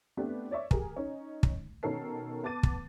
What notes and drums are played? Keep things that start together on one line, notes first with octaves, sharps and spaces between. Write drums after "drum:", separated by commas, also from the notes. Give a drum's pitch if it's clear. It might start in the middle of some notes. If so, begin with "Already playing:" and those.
A3 B3 C4 D4 G4 B4
C#5 D5 E5 C#6
G4 G#4 A#4 G#5, drum: kick
C#4 D#4
drum: kick
B2 D#3 C#4 A4 A#4 C7
B3 A5 D6 A6 D#7
drum: kick